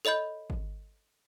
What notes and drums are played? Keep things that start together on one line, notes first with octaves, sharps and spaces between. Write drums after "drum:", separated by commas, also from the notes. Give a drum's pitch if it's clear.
A4 C#5 D#5 B5 G6
drum: kick G#1